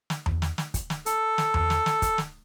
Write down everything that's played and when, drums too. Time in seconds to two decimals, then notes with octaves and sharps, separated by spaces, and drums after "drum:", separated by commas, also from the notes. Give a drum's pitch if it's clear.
0.10 drum: snare
0.26 drum: tom E2
0.42 drum: snare
0.58 drum: snare
0.74 drum: kick, hi-hat
0.90 drum: snare
1.06 A4, drum: hi-hat
1.38 drum: snare
1.54 drum: tom E2
1.70 drum: snare
1.86 drum: snare
2.02 drum: kick, hi-hat
2.18 drum: snare